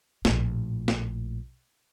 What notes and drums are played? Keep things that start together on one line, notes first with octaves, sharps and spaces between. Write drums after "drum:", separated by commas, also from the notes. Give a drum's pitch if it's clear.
A#1 A2, drum: snare
drum: snare